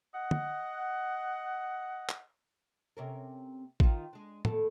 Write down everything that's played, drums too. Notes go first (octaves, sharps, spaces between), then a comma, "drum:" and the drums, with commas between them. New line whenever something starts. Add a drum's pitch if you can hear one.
D#5 F#5
drum: tom
drum: clap
C3 C#4 A#4
D#3 D#4 F4, drum: kick
G#3 D4
D#2 A2 A4, drum: tom